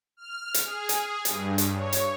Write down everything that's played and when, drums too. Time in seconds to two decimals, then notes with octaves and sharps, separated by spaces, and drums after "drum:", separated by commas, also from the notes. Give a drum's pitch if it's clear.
0.17 F6
0.54 drum: hi-hat
0.65 G#4
0.89 drum: hi-hat
1.25 G2, drum: hi-hat
1.58 drum: hi-hat
1.75 C#5
1.93 drum: hi-hat